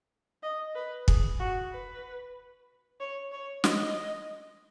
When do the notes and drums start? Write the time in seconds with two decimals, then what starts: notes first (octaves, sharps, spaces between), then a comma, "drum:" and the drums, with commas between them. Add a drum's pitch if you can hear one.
0.43 D#5
0.75 B4
1.08 G#4, drum: kick
1.40 F#4
1.72 B4
3.00 C#5
3.32 C#5
3.64 D#5, drum: snare